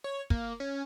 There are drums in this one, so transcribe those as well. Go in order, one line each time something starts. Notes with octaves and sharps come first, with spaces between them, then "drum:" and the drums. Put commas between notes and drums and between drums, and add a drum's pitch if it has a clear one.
C#5
A#3, drum: kick
C#4